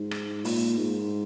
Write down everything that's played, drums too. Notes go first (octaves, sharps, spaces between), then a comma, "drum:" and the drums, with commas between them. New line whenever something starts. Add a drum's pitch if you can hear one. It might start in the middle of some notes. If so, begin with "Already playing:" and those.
Already playing: G#2
drum: rim click
A#2, drum: open hi-hat
G#2